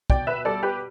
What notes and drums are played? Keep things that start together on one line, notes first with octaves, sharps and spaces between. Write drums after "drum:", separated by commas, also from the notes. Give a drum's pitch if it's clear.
B2 D5 G5, drum: kick
B4 E5
G3 A4 D5
G4 B4